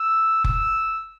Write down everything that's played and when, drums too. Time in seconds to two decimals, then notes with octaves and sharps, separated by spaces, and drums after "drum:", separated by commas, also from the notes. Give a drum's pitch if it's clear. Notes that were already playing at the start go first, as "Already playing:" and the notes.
Already playing: E6
0.44 E6, drum: kick F1